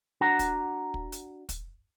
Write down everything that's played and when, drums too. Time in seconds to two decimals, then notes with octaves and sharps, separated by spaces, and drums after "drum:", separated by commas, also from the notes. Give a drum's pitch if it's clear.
0.21 D4 F#4 F#5 A#5
0.39 drum: kick, hi-hat
0.94 drum: kick
1.12 drum: hi-hat
1.49 drum: kick, hi-hat